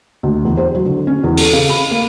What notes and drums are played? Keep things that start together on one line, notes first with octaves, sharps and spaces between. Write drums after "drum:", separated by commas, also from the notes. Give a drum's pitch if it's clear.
D2
E2
C5
F#3
D3
C#4
E2
A4, drum: open hi-hat
C#3
B5
A#3